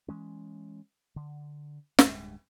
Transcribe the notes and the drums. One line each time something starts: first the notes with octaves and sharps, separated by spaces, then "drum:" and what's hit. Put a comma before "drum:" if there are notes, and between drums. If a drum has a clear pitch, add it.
E3 G#3 C#4
D3
D1 G2 G#3, drum: snare